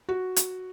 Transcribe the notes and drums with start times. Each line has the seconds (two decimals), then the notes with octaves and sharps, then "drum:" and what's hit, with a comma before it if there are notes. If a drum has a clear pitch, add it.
0.09 F#4
0.36 drum: hi-hat